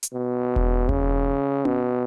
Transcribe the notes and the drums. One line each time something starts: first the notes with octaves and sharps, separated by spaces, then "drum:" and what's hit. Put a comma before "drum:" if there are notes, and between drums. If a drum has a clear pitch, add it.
drum: hi-hat
B2
drum: kick E1
C#3, drum: kick E1
B2, drum: tom C#4